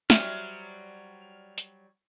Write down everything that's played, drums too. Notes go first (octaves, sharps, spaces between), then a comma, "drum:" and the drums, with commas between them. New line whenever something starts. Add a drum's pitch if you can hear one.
F#3 G3 F#4 C5 C#5 E5 F6, drum: snare
drum: hi-hat